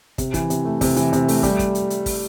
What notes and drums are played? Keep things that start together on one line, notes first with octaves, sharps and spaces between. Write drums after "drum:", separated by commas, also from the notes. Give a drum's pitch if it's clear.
C3, drum: kick, hi-hat
E3, drum: kick, hi-hat
C3, drum: hi-hat
A3
C3, drum: kick, open hi-hat
E3, drum: hi-hat
C3, drum: hi-hat
A3, drum: open hi-hat
G3, drum: kick, hi-hat
drum: kick, hi-hat
drum: hi-hat
drum: hi-hat
drum: kick, open hi-hat